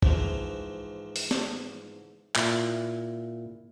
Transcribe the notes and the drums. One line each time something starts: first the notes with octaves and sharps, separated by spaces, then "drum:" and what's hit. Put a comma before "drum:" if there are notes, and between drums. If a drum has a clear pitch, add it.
G#2 E3 F3, drum: kick
drum: open hi-hat
drum: snare
A#2 E4, drum: clap